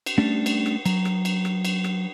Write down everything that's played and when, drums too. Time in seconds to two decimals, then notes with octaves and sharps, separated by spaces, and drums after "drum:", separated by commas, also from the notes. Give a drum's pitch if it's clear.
0.06 drum: cymbal
0.18 G3 A3 C#4 D4
0.46 drum: cymbal
0.66 drum: rim click
0.85 F#3, drum: cymbal
1.05 drum: rim click
1.25 drum: cymbal
1.45 drum: rim click
1.65 drum: cymbal
1.84 drum: rim click